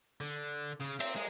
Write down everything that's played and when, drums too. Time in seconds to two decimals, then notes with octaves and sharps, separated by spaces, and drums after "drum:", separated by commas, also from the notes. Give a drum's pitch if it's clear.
0.21 D3
0.81 C#3
1.00 C4, drum: cymbal
1.16 G#3